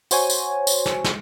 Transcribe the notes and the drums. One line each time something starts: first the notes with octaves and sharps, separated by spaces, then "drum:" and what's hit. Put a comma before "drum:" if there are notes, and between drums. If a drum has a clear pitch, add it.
F#4 C5 C#5 G#5, drum: tambourine
drum: tambourine
drum: tambourine
drum: snare
drum: snare